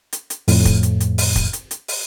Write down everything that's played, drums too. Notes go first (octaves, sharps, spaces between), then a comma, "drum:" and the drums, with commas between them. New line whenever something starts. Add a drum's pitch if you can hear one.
drum: hi-hat
drum: hi-hat
F2 A2, drum: open hi-hat
drum: kick, hi-hat
drum: hi-hat
drum: hi-hat
drum: open hi-hat
drum: kick, hi-hat
drum: hi-hat
drum: hi-hat
drum: open hi-hat